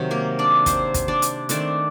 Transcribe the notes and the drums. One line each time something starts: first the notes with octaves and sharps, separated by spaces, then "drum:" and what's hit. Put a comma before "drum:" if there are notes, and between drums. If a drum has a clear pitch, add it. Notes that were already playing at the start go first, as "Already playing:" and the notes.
Already playing: C3 D#3 F#3
A#3 A#4
D4 D5
C4 C5, drum: kick, hi-hat
drum: kick, hi-hat
D4 D5
drum: hi-hat
D#3 A3 C4 D4 D5, drum: hi-hat